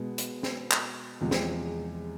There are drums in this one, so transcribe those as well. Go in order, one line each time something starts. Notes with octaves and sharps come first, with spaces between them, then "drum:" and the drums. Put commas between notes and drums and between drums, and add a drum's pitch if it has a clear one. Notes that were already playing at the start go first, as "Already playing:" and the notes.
Already playing: B2 G#3 B3
drum: hi-hat
drum: snare
drum: clap
E2 C3 F3 G#3
drum: snare